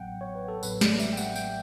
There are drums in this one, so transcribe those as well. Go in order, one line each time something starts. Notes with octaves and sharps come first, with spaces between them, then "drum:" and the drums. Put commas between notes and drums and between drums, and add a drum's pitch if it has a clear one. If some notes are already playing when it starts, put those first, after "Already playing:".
Already playing: A1 A2 F#3 B3 F#5 G5
C#5
B4
A4
A1 A2 F#3 B3 B4, drum: tambourine
D5, drum: snare
E5, drum: tambourine
G5
F#5, drum: tambourine
G5, drum: tambourine